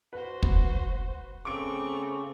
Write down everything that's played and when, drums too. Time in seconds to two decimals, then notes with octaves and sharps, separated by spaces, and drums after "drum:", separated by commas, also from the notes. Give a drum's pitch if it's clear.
0.13 F#4 B4 C5
0.43 drum: kick
1.45 C#3 A3 C4 C#6 D6 D7